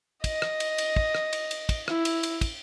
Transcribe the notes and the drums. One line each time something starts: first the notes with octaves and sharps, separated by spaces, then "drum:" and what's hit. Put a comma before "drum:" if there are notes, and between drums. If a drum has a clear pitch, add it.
D#5, drum: kick, cymbal
drum: rim click
drum: cymbal
drum: cymbal
drum: kick
drum: rim click
drum: cymbal
drum: cymbal
drum: kick, cymbal
E4, drum: rim click
drum: cymbal
drum: cymbal
drum: kick, cymbal